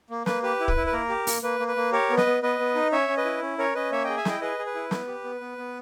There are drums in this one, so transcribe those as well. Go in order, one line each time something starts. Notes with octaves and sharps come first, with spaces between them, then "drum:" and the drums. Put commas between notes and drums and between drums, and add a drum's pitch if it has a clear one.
A#3
A#3 B4, drum: snare
G4 B4
E4
B4, drum: kick
E4
B4
A#3 A#4
G4
A#3, drum: open hi-hat
A#3 B4
A#3
B4
A#3
G4 A#4 C#5
B3
B4 D#5, drum: snare
B3
B3 B4 D#5
B3
D#4
C#4 C#5 E5
C#4
B4 D#5
E4
C#4
C#4 A#4 C#5
C#4 B4 D#5
A#3 C#5 E5
G#4 D#5 G5
E5 G#5
E4 D#5 G5, drum: snare
G#4 B4 D#5
G#4
B4
E4
B3, drum: snare
G4
B3
B3
B3